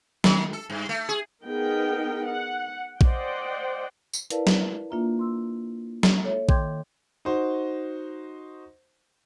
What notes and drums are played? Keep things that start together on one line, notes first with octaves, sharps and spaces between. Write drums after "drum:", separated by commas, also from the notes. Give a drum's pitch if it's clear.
D#3, drum: snare
A4
G2
A3
G#4
B3 D#4 G#4 A#4 G5
F#5
C5 D5 D#5 F#5 G5, drum: kick A#1
drum: tambourine
E4 A#4 B4 D5 F5 A5, drum: hi-hat
drum: snare
A#3 D4 F4 E5 A#5
C6 E6
drum: snare
A4 C#5 E5
D#3 G5 C6 D6 G6 G#6, drum: kick A#1
D#4 F#4 C5